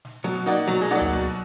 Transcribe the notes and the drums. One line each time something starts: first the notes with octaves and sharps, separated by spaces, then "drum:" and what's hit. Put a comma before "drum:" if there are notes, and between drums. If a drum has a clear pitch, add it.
drum: snare
B2 F#3
A#3 D#4 F#4 D5, drum: snare
B2 F#3
G#3
F#3 A#3 D#4 F#4 D5
drum: tom D2
B2